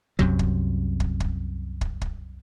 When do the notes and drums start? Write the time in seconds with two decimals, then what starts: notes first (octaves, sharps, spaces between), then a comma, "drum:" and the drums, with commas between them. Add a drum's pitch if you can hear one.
0.19 C2 F#2 C3 F#3, drum: kick
0.39 drum: kick
1.00 drum: kick
1.20 drum: kick
1.81 drum: kick
2.01 drum: kick